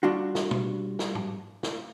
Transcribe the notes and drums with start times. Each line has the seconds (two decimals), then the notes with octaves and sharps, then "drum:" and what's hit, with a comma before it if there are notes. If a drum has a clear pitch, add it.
0.03 G3 D4 F4 F#4
0.35 drum: snare
0.51 drum: tom
0.99 drum: snare
1.15 drum: tom
1.63 drum: snare